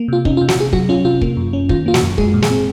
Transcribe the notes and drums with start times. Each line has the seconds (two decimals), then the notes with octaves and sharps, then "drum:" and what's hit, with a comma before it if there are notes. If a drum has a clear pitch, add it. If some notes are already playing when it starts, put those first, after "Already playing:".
Already playing: A#3
0.08 C3 F4
0.25 C#4 D#4, drum: kick
0.37 F4
0.41 C3
0.48 F#4, drum: snare
0.56 C3 G#4
0.73 F#3 F#4, drum: kick
0.89 C#4 F4
1.05 C3 F4
1.21 A#3, drum: kick
1.37 F#2
1.53 C#4
1.69 D#3 F4, drum: kick
1.86 A#3 F4
1.94 F#4, drum: snare
2.02 F#2
2.18 G#3 G#4, drum: kick
2.34 A#2
2.42 G#4, drum: snare
2.50 C4